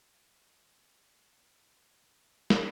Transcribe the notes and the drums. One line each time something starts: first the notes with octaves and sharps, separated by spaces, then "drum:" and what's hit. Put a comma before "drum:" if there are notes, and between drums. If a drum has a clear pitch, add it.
G#2
F2 A#2
C2 G2 C4
drum: snare